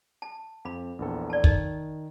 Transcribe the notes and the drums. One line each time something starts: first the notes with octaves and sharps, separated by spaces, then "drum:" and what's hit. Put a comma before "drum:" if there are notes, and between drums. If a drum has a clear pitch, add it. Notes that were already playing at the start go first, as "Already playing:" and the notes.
A5
F2 F5 B5
A#1 E2 A4
D5 A5
D#3 D#5, drum: kick